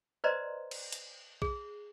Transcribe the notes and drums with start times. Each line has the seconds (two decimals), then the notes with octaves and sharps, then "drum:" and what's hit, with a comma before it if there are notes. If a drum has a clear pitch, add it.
0.24 B4 C5 D5 D#5 A#5 C6
0.71 drum: cymbal
0.92 drum: hi-hat
1.42 G#4, drum: kick